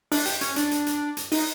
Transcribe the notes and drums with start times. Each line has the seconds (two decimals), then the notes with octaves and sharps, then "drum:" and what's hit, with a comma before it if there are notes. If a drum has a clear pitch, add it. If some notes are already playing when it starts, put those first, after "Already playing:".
0.12 D4, drum: open hi-hat
0.25 G4, drum: hi-hat
0.41 C#4, drum: hi-hat
0.56 D4, drum: hi-hat
0.71 drum: hi-hat
0.86 drum: hi-hat
1.17 drum: hi-hat
1.32 D#4, drum: open hi-hat